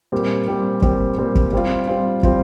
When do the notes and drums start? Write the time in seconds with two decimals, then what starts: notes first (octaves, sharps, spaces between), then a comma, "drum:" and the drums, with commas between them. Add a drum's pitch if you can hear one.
0.12 A#2 G3 C4 G4
0.48 A#2 G3 C4 G4
0.82 A#2 G3 C4 G4, drum: kick
1.18 A#2 G3 C4 G4
1.35 drum: kick
1.53 G3 C4 F4
1.87 G3 C4 F4
2.23 G3 C4 F4, drum: kick